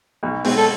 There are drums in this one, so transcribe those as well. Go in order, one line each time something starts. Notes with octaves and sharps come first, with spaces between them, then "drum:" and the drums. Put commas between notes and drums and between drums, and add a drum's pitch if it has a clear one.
B1
B2 G#3 C4, drum: open hi-hat
A4